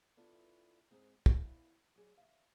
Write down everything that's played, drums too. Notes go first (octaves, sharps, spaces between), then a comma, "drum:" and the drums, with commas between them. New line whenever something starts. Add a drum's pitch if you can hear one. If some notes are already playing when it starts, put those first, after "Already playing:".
B3 D4 E4 F4 A4
G#2 G#3 C4
B3 E4 G4 D5 F5, drum: kick
F#3 G#4 D5
E5 F5